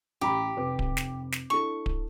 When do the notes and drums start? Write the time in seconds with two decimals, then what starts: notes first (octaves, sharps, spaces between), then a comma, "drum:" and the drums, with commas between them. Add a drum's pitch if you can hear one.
0.21 A1 G4 A#5 B5
0.57 F1 B4 D6
0.79 drum: kick D1
0.97 drum: snare
1.32 drum: snare
1.50 D4 E4 A4 C#6
1.86 drum: kick D1